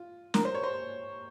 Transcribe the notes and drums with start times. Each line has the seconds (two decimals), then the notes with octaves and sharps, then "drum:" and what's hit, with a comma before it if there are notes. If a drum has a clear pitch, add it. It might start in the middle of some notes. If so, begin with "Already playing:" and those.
Already playing: F4
0.34 A#4, drum: snare
0.45 C5
0.54 C#5
0.63 C5